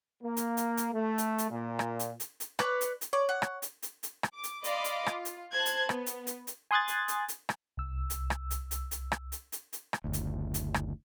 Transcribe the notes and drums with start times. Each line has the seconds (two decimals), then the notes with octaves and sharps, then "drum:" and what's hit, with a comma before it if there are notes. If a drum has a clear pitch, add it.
0.23 A#3
0.37 drum: hi-hat
0.57 drum: hi-hat
0.77 drum: hi-hat
0.94 A3
1.18 drum: hi-hat
1.38 drum: hi-hat
1.51 A#2
1.79 drum: rim click
1.99 drum: hi-hat
2.20 drum: hi-hat
2.40 drum: hi-hat
2.59 B4 C#5 D5, drum: rim click
2.81 drum: hi-hat
3.01 drum: hi-hat
3.13 C#5 D5
3.29 F#5
3.42 drum: rim click
3.62 drum: hi-hat
3.83 drum: hi-hat
4.03 drum: hi-hat
4.23 drum: rim click
4.34 D6
4.44 drum: hi-hat
4.64 D5 D#5 F5 B5 C6 D6, drum: hi-hat
4.84 drum: hi-hat
5.06 F4, drum: rim click
5.25 drum: hi-hat
5.51 C5 A5 F#6 G#6
5.66 drum: hi-hat
5.89 B3, drum: rim click
6.06 drum: hi-hat
6.27 drum: hi-hat
6.47 drum: hi-hat
6.71 G#5 C6 D#6 F#6 G#6 A6
6.88 drum: hi-hat
7.08 drum: hi-hat
7.28 drum: hi-hat
7.49 drum: rim click
7.77 C2 E6
8.10 drum: hi-hat
8.30 drum: rim click
8.51 drum: hi-hat
8.71 drum: hi-hat
8.91 drum: hi-hat
9.12 drum: rim click
9.32 drum: hi-hat
9.52 drum: hi-hat
9.73 drum: hi-hat
9.93 drum: rim click
10.04 F#1 D2
10.13 drum: hi-hat
10.54 drum: hi-hat
10.74 drum: rim click